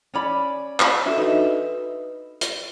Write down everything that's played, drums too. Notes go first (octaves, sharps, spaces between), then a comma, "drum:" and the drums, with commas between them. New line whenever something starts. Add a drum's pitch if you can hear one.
C#4 D5 B5
drum: clap
D4 F#4 A4 E5
D#4 B4 E5
drum: hi-hat